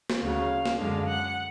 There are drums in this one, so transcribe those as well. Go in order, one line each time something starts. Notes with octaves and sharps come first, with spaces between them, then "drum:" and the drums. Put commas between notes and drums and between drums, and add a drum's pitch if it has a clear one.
drum: snare
D2 C#3 F#3 F5
drum: snare
F#2 D3 G#3 D4
F#5